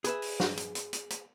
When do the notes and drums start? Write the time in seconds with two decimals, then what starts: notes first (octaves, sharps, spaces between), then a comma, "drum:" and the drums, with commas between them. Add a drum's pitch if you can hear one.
0.04 G#4 B4 E5, drum: hi-hat
0.22 drum: open hi-hat
0.40 drum: snare
0.57 drum: hi-hat
0.75 drum: hi-hat
0.93 drum: hi-hat
1.10 drum: hi-hat